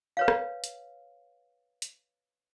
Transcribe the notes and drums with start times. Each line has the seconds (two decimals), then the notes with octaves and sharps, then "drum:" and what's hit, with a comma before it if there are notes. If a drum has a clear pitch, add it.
0.17 B4 C#5 F5
0.28 drum: rim click
0.64 drum: hi-hat
1.82 drum: hi-hat